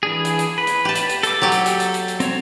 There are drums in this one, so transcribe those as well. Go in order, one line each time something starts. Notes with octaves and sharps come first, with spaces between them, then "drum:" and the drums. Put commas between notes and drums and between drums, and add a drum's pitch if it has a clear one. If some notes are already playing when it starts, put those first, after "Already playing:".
E3 D4 G#4
drum: hi-hat
drum: hi-hat
B4
drum: hi-hat
G4 A5
drum: hi-hat
drum: hi-hat
A4 D6, drum: hi-hat
F#3 G4
drum: hi-hat
drum: hi-hat
drum: hi-hat
drum: hi-hat
drum: hi-hat
C4 C#5, drum: hi-hat